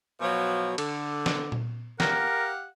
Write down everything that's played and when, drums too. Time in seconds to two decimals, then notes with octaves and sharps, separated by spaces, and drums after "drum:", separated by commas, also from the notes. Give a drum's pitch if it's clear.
0.20 B2 F3 F#3
0.78 D3, drum: cymbal
1.26 drum: snare
1.52 drum: tom A#2
2.00 G4 A#4 F5 F#5, drum: snare